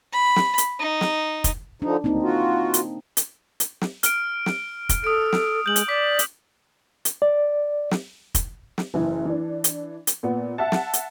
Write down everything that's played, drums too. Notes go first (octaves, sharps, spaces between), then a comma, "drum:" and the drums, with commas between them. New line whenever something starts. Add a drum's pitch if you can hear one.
B5
drum: snare
drum: hi-hat
D#4
drum: snare
drum: kick, hi-hat
D3 F3 D4 D#4
D2 A#3 C4 D#4
F4 F#4
drum: hi-hat
drum: hi-hat
drum: hi-hat
drum: snare
F6 D7, drum: hi-hat
drum: snare
drum: kick, hi-hat
A4 D#6 D7
drum: snare
G#3 G6 F#7
drum: hi-hat
D5 D6 B6
drum: hi-hat
drum: hi-hat
D5
drum: snare
drum: kick, hi-hat
drum: snare
F#1 E3
E3 D4
drum: hi-hat
drum: hi-hat
A#2 B3
E5 F#5 A5
drum: snare
drum: hi-hat